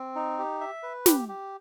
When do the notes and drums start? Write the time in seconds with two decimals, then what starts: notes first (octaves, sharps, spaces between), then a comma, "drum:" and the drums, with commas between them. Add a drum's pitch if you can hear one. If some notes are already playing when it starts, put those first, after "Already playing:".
Already playing: C4
0.15 D#4
0.39 G4
0.60 E5
0.83 B4
1.06 G4, drum: snare
1.29 G4